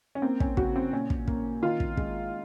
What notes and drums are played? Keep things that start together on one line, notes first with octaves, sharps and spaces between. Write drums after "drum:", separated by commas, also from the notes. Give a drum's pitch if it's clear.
C#4
A#3 C4
C#4, drum: kick
C#3 F#4, drum: kick
C4
A#2 C#4
drum: kick
A#3, drum: kick
D#3 F4
drum: kick
G#3, drum: kick